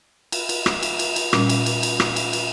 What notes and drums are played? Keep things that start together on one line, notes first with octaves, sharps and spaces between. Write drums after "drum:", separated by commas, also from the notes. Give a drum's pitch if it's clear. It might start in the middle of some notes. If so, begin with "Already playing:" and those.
drum: cymbal
drum: cymbal
drum: rim click
drum: cymbal
drum: cymbal
drum: cymbal
A#2 G3 C#4, drum: rim click
drum: cymbal
drum: cymbal
drum: cymbal
drum: rim click
drum: cymbal
drum: cymbal